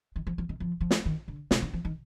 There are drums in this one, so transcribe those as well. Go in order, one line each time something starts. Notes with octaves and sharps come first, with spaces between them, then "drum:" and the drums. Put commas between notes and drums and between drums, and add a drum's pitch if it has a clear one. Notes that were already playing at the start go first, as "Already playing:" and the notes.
D#3
F3
F3
D#3
F3
F3
drum: snare
D#3
D3
C3, drum: snare
D3
F3
D#3